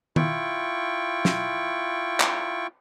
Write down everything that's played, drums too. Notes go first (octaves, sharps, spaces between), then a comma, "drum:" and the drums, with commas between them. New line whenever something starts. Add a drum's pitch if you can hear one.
E4 F4 G5 C#6, drum: tom D#3
drum: snare
drum: clap